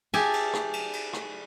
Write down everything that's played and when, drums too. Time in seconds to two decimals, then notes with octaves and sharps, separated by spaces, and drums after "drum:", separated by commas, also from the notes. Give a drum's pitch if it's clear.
0.14 G4 G#4 E5 G#5 A5, drum: cymbal
0.33 drum: cymbal
0.53 drum: rim click
0.73 drum: cymbal
0.93 drum: cymbal
1.13 drum: rim click